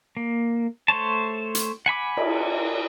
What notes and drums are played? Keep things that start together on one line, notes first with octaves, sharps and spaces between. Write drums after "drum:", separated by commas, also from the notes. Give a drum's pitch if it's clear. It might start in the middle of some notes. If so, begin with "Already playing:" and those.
A#3
A3 C5 C#5 A5
drum: hi-hat
F#5 G#5 B5 D6
drum: cymbal